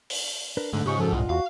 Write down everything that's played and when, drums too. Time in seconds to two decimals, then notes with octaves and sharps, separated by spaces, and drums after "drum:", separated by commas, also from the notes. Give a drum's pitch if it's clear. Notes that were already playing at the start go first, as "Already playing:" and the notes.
0.10 drum: open hi-hat
0.57 D4 A#4 B4
0.73 G#2 D3 A3
0.86 G#2 C#3 F4 G4 D#5 C#6
0.99 F#2 F3 F#4 A4
1.12 C2 G2 A#2 F4 D#5 F#5
1.29 E2 F#4 F5